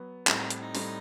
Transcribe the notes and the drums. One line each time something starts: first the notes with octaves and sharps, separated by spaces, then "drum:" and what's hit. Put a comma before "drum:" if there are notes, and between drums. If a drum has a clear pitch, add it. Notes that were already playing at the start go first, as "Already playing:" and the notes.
Already playing: F#3 B3
A2 G3 C4 E4, drum: clap
D#4
drum: hi-hat
D#4
A2 G3 C4, drum: open hi-hat